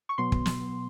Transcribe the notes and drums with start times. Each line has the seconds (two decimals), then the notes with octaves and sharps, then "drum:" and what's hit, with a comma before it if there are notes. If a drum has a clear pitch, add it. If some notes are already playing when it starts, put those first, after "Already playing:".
0.09 C#6
0.18 B2 F#3 B3 C6
0.32 drum: kick
0.46 drum: snare